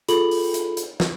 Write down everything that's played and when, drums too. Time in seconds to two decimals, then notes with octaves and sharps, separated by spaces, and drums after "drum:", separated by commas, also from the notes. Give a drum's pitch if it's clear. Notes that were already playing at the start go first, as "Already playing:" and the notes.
0.09 F4 G#4 A4 B5 F#7, drum: hi-hat
0.31 drum: open hi-hat
0.54 drum: hi-hat
0.77 drum: hi-hat
1.00 drum: snare